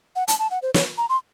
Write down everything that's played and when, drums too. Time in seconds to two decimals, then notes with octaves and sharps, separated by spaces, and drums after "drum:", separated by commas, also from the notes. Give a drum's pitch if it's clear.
0.16 F#5
0.28 A5, drum: hi-hat
0.39 A5
0.51 F#5
0.62 C5
0.74 C#5, drum: snare
0.98 A#5
1.09 C6